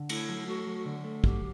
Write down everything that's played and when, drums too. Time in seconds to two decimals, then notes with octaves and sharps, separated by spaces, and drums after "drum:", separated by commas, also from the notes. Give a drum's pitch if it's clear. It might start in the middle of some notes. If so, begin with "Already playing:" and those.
Already playing: D3
0.09 A3 E4, drum: cymbal
0.29 F#3
0.48 A3 F#4
0.67 F#3
0.85 D3
1.04 A3
1.24 F#3 G4, drum: kick